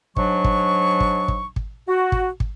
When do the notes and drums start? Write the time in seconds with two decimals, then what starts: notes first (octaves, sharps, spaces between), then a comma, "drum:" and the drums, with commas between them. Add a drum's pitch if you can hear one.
0.16 G#2 F#3 D4 C#6, drum: kick
0.44 drum: kick
1.00 drum: kick
1.28 drum: kick
1.56 drum: kick
1.87 F#4
2.12 drum: kick
2.40 drum: kick